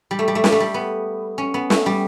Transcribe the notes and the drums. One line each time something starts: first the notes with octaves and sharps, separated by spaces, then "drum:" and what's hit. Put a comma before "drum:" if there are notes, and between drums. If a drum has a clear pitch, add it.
G3
A3
G3
A3
G3, drum: snare
A3
G3
B3
C#4
B3
A3, drum: snare
G3